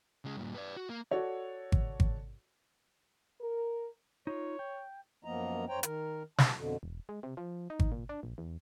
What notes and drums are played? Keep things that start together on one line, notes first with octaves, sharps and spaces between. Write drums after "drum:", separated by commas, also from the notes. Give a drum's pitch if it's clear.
C#3 G#3
G2 A#2
B4 D5
F#4
A#3
F#4 A4 C#5 D5
drum: kick G#1
drum: kick G#1
A#4
D#4 F4 C#5
G5
F#2 F3 A#3 B3 D#5 A#5
F#2 C5 C#5 G5 A#5
D#3 A#4, drum: hi-hat
A5, drum: snare
F2 B2 D3
E1
G#3
C3
F3
D#4
drum: kick G#1
A#2
D4
A#1
E2